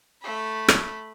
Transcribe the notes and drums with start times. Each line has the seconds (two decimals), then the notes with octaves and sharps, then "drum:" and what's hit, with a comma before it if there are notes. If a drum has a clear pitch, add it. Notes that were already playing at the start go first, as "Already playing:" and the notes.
0.22 A3 B5
0.68 drum: rim click